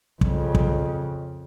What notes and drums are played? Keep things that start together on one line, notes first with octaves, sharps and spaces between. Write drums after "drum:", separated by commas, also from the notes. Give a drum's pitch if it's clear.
F2 C#3, drum: kick
drum: kick